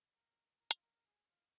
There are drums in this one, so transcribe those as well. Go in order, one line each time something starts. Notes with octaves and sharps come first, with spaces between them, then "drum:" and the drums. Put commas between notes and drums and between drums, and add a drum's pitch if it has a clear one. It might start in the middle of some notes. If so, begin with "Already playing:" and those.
A#4
A#4
F4, drum: hi-hat
A#4
A#4
G#4
F4